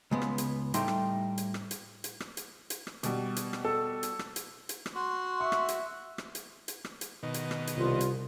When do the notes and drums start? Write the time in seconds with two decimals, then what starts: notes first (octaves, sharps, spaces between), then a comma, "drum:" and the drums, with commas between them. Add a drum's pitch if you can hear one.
0.11 C#2 G#3 B3
0.22 drum: rim click
0.38 drum: hi-hat
0.74 A2 G3 A3 D#4 G4 C6, drum: hi-hat
0.88 drum: rim click
1.38 drum: hi-hat
1.54 drum: rim click
1.71 drum: hi-hat
2.04 drum: hi-hat
2.20 drum: rim click
2.37 drum: hi-hat
2.70 drum: hi-hat
2.87 drum: rim click
3.03 B2 G3, drum: hi-hat
3.36 drum: hi-hat
3.53 drum: rim click
3.65 A4
4.03 drum: hi-hat
4.19 drum: rim click
4.36 drum: hi-hat
4.69 drum: hi-hat
4.86 drum: rim click
4.95 F#4 C6
5.41 E5 C#6
5.52 drum: rim click
5.68 drum: hi-hat
6.18 drum: rim click
6.35 drum: hi-hat
6.68 drum: hi-hat
6.85 drum: rim click
7.01 drum: hi-hat
7.23 B2 D#3
7.34 drum: hi-hat
7.51 drum: rim click
7.67 drum: hi-hat
7.77 C2 C3 F4
8.01 drum: hi-hat